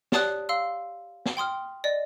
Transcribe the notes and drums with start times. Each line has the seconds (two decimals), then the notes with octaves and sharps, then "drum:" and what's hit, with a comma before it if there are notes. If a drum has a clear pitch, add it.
0.12 G4 C#5 D5 A5 D#6 F#6, drum: snare
0.49 F5 C6 E6
1.26 drum: snare
1.37 G5 C6 D#6 F6
1.84 D5 D#5